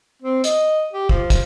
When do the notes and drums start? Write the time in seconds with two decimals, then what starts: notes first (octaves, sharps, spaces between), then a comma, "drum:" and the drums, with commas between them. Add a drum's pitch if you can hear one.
0.22 C4
0.44 D#5, drum: hi-hat
0.93 G4
1.09 F3, drum: kick
1.30 drum: kick, hi-hat